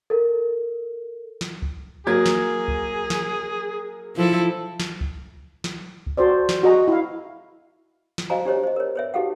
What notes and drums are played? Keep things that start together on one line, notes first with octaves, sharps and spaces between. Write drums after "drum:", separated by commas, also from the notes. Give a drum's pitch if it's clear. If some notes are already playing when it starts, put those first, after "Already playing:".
A4 A#4
drum: snare
drum: kick C#2
F#3 A#3 G#4 G#6
drum: snare
drum: kick C#2
drum: snare
F3 E4 A4
drum: snare
drum: kick C#2
drum: snare
drum: kick C#2
F#4 A4 C5 D5
drum: snare
F#4 G#4 D#5 A#5
E4 F5
drum: snare
F#4 C5 D#5 F5 G#5 A#5
D4 G4 C5 C#5 D#5
C5 D#5
A#4 C#5
B4 C#5 E5
D#4 F#4 G4 A4 F5 F#5